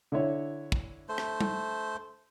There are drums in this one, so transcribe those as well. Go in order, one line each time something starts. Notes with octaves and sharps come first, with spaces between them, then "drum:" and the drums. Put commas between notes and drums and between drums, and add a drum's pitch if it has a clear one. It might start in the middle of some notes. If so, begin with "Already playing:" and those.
D3 E4 C#5
drum: kick
A3 C5
drum: rim click
drum: tom G3